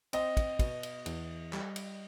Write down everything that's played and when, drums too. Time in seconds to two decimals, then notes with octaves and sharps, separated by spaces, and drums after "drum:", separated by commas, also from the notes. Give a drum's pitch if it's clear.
0.13 C4 D#5, drum: cymbal
0.37 drum: kick, cymbal
0.59 B2, drum: kick, cymbal
0.83 drum: cymbal
1.06 E2, drum: cymbal
1.53 G3, drum: clap
1.76 drum: cymbal